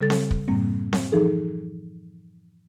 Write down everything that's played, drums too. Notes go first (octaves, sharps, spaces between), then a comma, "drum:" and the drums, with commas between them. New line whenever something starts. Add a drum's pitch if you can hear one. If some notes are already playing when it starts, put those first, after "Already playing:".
C#3 G3 A4 A6
drum: snare C4
drum: kick
F#2 A2 G3 A#3 C4
drum: snare C4
E3 F3 D#4 G#4 A4